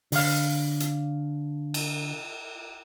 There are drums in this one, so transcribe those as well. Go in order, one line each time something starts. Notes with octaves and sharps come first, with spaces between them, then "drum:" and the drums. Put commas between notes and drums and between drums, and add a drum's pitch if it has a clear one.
D3 F5, drum: open hi-hat
drum: hi-hat
drum: cymbal